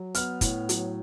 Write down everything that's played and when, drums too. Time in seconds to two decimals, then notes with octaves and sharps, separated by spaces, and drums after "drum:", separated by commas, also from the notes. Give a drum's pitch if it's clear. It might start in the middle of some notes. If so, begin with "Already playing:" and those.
Already playing: F#3
0.14 B3 F6, drum: hi-hat
0.41 A2, drum: kick, hi-hat
0.69 F#3, drum: hi-hat